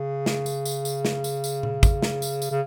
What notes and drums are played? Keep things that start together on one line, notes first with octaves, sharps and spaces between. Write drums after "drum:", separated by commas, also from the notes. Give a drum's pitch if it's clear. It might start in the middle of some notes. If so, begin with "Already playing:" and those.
Already playing: C#3
drum: snare
drum: tambourine
drum: tambourine
drum: tambourine
drum: snare
drum: tambourine
drum: tambourine
drum: tom A#2
drum: kick, tambourine
drum: snare
drum: tambourine
drum: tambourine
C#3